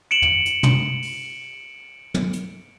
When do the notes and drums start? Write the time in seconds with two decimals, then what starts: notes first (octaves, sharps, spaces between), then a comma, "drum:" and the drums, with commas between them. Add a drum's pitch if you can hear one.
0.11 C#7 D7 E7 F#7
0.22 drum: tom
0.45 drum: hi-hat
0.63 drum: tom
1.02 drum: open hi-hat
2.14 drum: tom
2.33 drum: hi-hat